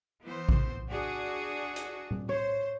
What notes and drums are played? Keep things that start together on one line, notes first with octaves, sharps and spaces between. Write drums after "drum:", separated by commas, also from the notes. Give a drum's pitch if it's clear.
E3 B3 C5
drum: kick A1
D4 F#4 G#4
drum: hi-hat
drum: tom A#2
C5 C#5